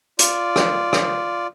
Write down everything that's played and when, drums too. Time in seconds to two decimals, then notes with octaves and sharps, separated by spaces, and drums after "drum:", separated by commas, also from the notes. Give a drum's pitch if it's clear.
0.19 F4 D5, drum: hi-hat
0.56 drum: rim click
0.93 drum: rim click